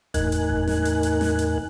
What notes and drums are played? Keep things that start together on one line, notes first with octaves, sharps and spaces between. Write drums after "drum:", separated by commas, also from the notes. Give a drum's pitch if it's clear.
E2 A2 D#4 A#4 G#5 F#6, drum: kick F1, hi-hat
drum: hi-hat
drum: kick F1
drum: snare
drum: hi-hat
drum: hi-hat
drum: snare
drum: hi-hat